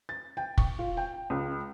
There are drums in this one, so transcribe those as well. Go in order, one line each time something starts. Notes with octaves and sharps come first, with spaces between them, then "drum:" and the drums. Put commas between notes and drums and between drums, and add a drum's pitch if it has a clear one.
A6
G5
C#6, drum: kick
F4
G5
C#2